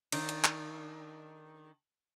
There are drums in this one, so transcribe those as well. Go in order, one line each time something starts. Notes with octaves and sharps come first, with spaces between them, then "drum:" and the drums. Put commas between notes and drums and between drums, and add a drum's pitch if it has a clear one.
D#3 D4, drum: cymbal
drum: hi-hat
drum: clap